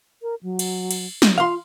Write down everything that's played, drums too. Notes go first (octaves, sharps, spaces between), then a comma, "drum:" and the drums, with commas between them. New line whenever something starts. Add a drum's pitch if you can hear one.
A#4
F#3
drum: cymbal
drum: cymbal
drum: snare
F4 F5 C6